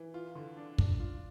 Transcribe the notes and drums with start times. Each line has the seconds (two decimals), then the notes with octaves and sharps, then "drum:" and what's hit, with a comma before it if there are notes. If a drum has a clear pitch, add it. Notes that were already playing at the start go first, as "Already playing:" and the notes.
Already playing: E3
0.14 F4
0.35 D3
0.57 D4
0.78 D4, drum: kick
1.00 F4